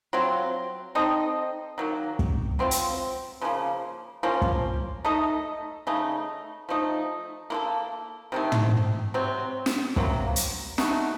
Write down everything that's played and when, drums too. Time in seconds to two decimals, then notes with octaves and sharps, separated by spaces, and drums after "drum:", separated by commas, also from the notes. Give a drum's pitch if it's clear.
0.13 F#3 C4 F4
0.95 C4 D#4 A4 D#5
1.78 D#3 F#3 A#3
2.19 drum: kick
2.59 F#3 C4 F4
2.71 drum: hi-hat
3.41 C#3 F3 A#3
4.23 F3 A#3 C#4 F4
4.42 drum: kick
5.05 A3 D#4 A4 D#5
5.87 C#3 A3 D#4
6.69 F3 A3 D#4
7.50 A#3 F4 A4
8.32 C3 D#3 A3
8.52 drum: tom
9.14 C3 F#3 C4
9.66 drum: snare
9.96 C3 F#3 A#3, drum: kick
10.36 drum: hi-hat
10.78 A3 D#4 F#4, drum: snare